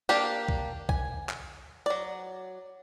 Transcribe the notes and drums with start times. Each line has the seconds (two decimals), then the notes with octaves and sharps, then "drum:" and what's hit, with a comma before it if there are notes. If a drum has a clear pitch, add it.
0.09 A#3 D4 G4 F5
0.49 drum: kick B1
0.89 G#5, drum: kick B1
1.29 drum: clap
1.86 F#3 D5